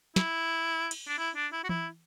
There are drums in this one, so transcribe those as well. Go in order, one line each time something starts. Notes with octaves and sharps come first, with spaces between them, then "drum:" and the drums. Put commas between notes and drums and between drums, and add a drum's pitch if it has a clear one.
E4, drum: snare
drum: cymbal
D4
E4
D4
E4
F#4
E4, drum: tom E3